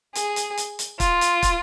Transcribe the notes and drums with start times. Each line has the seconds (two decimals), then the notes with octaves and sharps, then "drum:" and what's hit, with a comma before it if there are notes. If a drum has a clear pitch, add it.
0.15 G#4, drum: hi-hat
0.36 drum: hi-hat
0.57 drum: hi-hat
0.79 drum: hi-hat
1.00 F4, drum: kick, hi-hat
1.21 drum: hi-hat
1.43 drum: kick, hi-hat